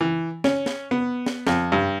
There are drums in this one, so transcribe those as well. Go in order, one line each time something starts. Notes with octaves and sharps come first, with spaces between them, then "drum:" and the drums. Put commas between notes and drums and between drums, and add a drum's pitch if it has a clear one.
E3
C#4, drum: snare
drum: snare
B3
drum: snare
F2, drum: snare
G2